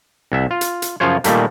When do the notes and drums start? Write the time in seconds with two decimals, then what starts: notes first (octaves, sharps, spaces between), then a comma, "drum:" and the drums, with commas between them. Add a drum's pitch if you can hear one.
0.32 C2 E5
0.51 F4
0.61 drum: hi-hat
0.82 drum: hi-hat
1.00 F#2 C#3 F3 F4 C5 C#5
1.24 A#2 D#3 G3 A3 A#3, drum: hi-hat